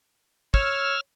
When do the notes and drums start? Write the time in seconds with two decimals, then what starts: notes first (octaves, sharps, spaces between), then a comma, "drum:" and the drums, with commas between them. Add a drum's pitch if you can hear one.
0.54 C#5 E6 F6, drum: kick